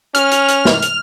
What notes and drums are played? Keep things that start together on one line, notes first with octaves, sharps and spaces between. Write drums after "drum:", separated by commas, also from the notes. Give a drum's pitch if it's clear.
C#4 F6, drum: hi-hat
drum: hi-hat
drum: hi-hat
drum: snare
drum: hi-hat